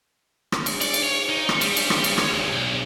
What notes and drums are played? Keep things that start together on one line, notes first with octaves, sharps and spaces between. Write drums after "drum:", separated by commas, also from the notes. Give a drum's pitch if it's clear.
drum: rim click
drum: cymbal
D5, drum: cymbal
drum: cymbal
C#5
D#4
drum: rim click
G3, drum: cymbal
drum: cymbal
drum: rim click
drum: cymbal
C#5, drum: rim click
D2
B1